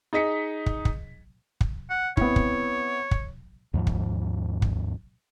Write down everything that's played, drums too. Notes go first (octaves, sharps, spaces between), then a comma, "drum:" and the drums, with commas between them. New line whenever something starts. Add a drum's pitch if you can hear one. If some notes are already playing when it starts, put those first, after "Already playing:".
D#4 G#4 D#5 B6 C#7
drum: kick
drum: kick
drum: kick
F#5
B3 C4 E4 C#5, drum: kick
drum: kick
drum: kick
D#2 G#2 F3
drum: kick
drum: kick